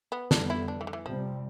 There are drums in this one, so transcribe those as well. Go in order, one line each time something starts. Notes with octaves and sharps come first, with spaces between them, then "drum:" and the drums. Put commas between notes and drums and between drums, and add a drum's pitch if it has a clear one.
B3
F2 D3 G3 B3 D4, drum: snare
E4
D4
E3
D3
E3
C3 F3 G3 C4